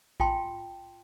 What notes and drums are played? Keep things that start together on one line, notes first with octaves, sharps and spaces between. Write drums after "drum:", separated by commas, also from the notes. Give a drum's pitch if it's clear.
F4 G5 A5 C6, drum: kick A#1